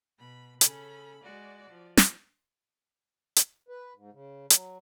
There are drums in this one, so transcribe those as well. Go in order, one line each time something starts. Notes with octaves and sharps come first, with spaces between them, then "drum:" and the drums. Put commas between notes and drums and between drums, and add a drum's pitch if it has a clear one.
B2 B5
C#3 C#4 A4 B5, drum: hi-hat
G#3 F#4 D5
F3
drum: snare
drum: hi-hat
B4
G#2
C#3
F#3, drum: hi-hat